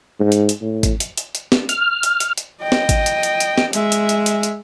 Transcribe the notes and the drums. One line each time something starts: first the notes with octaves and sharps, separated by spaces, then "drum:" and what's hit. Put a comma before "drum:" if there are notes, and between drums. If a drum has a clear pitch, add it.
G#2
drum: hi-hat
drum: hi-hat
A2
drum: kick G#1, hi-hat
drum: hi-hat
drum: hi-hat
drum: hi-hat
drum: snare
F6, drum: hi-hat
drum: hi-hat
drum: hi-hat
drum: hi-hat
D#5 G5
drum: snare
drum: kick G#1, hi-hat
drum: hi-hat
drum: hi-hat
drum: hi-hat
drum: snare
G#3 E5, drum: hi-hat
drum: hi-hat
drum: hi-hat
drum: hi-hat
drum: hi-hat